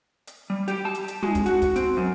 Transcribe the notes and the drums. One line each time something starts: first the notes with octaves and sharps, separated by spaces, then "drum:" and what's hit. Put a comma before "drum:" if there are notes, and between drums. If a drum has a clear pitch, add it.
drum: hi-hat
G3
G4, drum: hi-hat
A5
drum: hi-hat
drum: hi-hat
G#3, drum: tom
drum: kick, hi-hat
F#4, drum: hi-hat
drum: kick, hi-hat
C4, drum: hi-hat
F#2